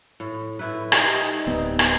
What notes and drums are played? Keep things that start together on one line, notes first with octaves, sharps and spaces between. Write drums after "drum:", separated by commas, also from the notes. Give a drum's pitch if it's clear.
A2
A2 E4 B4
G3 D#4 G#4, drum: rim click
D1 B3 C4
drum: rim click